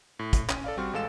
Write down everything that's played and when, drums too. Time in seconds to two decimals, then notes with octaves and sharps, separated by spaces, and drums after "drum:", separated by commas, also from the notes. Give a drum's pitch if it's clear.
0.19 A2
0.33 drum: kick, hi-hat
0.49 C#4, drum: clap
0.64 A4 D5 F5
0.77 G3 C4 F#4 C6 F6
0.93 A1 G#3 A4 F5 E7